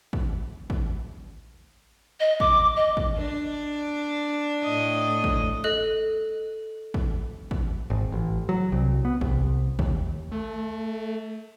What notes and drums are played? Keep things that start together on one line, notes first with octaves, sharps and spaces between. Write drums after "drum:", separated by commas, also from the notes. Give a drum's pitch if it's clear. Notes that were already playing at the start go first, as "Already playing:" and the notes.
drum: kick
drum: kick
D#5
D6, drum: kick
D#5
drum: kick
D4
A2 D#5
drum: kick
A4 D#5 F#6
drum: kick
drum: kick
G#1
A1
F#3
C2
B3
C2, drum: kick
D#2, drum: kick
A3